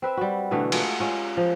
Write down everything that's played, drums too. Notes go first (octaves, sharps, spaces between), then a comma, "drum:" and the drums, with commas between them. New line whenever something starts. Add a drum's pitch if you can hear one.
C4 B4 E5
G3 F#4
B2 D3 E3 A3
G#3 A3 F4 F#4, drum: cymbal
G#3 C#4 F4
F3